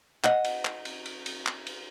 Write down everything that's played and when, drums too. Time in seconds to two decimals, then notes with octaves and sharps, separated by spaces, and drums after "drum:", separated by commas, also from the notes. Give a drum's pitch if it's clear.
0.24 D#5 F#5, drum: clap
0.45 drum: cymbal
0.65 drum: clap
0.85 drum: cymbal
1.06 drum: cymbal
1.26 drum: cymbal
1.46 drum: clap
1.67 drum: cymbal